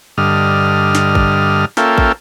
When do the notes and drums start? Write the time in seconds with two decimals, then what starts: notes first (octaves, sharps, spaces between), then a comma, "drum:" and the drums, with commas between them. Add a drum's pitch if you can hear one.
0.18 G2 D3 D#5 F6
0.95 drum: snare
1.15 drum: kick A1
1.77 A#3 C#4 F4 A4 E5 G5, drum: snare
1.98 drum: kick A1